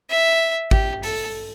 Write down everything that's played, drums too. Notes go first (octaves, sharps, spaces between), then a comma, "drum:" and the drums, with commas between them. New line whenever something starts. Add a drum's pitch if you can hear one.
E5
G4, drum: kick
A4, drum: open hi-hat